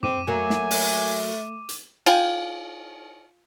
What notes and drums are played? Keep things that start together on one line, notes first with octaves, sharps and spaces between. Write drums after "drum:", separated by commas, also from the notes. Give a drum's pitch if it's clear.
C4 D6 D#7, drum: tom
F#3 A3 A#3 G#5
drum: snare
drum: open hi-hat
drum: hi-hat
F4 G5 G#5, drum: cymbal